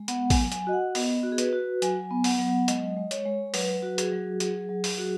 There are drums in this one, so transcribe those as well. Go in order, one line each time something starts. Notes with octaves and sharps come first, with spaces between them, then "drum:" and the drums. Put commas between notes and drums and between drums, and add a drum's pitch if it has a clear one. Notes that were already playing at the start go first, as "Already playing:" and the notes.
Already playing: G#3
B3 F#5, drum: hi-hat
G#5, drum: kick, open hi-hat
F#3
G#5, drum: hi-hat
F#4 D#5
F#5
B3 D#5, drum: open hi-hat
F#4
G#4
B4, drum: hi-hat
F#4
F#3 G#5, drum: hi-hat
B3
F#5, drum: open hi-hat
F#3
G#3 D#5, drum: hi-hat
G#3
C#5, drum: hi-hat
G#3
F#3 B4, drum: open hi-hat
F#4
G#4, drum: hi-hat
F#3
F#3 G#4, drum: hi-hat
F#3
drum: open hi-hat
F#4